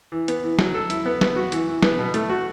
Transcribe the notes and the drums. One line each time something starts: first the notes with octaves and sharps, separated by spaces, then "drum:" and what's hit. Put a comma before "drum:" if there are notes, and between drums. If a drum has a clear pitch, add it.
E3
B3, drum: hi-hat
E3
F#3, drum: snare
A4
E4, drum: hi-hat
B3
B3, drum: snare
F#4
E3, drum: hi-hat
E3
B3, drum: snare
B2
A3, drum: hi-hat
F#4